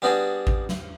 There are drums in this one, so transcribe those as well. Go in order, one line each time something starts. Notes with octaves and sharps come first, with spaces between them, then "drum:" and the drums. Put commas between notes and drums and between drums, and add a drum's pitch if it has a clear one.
G3 B3 D4 F#4 G#4
drum: kick G#1
drum: snare